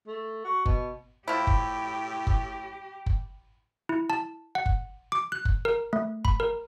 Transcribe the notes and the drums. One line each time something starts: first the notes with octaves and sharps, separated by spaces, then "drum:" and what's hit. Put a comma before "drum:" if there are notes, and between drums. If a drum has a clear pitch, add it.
A3
F#4
B2, drum: kick F#1
A2 F3 E4 G4
drum: kick F#1
drum: kick F#1
drum: kick F#1
E4
A5
F#5
drum: kick F#1
D6
F#6
drum: kick F#1
A#4
A3
B5, drum: kick F#1
A#4